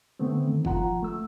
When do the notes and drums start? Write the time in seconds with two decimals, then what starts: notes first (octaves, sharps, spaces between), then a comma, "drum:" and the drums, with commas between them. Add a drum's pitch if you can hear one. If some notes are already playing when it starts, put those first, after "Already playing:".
0.19 D3 A3 B3 C4
0.47 D#3
0.65 F3 F4 F#5 A#5, drum: kick
1.03 A3 E6